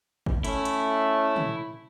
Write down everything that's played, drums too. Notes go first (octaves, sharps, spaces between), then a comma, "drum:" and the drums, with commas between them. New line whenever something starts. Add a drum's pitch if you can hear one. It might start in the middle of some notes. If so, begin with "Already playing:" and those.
drum: kick
A3 C#4 E4, drum: hi-hat
drum: hi-hat
drum: tom